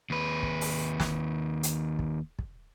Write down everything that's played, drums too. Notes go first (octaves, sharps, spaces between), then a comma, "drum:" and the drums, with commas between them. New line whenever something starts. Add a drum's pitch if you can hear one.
D#2 B4
drum: kick
drum: open hi-hat
drum: snare
drum: hi-hat
drum: kick
drum: kick